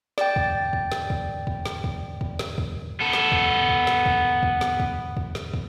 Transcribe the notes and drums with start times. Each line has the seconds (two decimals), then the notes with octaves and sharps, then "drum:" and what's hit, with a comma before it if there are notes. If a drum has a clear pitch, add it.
0.18 D5 G5, drum: snare
0.36 drum: kick
0.73 drum: kick
0.92 drum: snare
1.10 drum: kick
1.47 drum: kick
1.65 drum: snare
1.84 drum: kick
2.21 drum: kick
2.39 drum: snare
2.58 drum: kick
3.00 B3 A4
3.13 drum: snare
3.32 drum: kick
3.69 drum: kick
3.87 drum: snare
4.06 drum: kick
4.43 drum: kick
4.61 drum: snare
4.80 drum: kick
5.17 drum: kick
5.35 drum: snare
5.54 drum: kick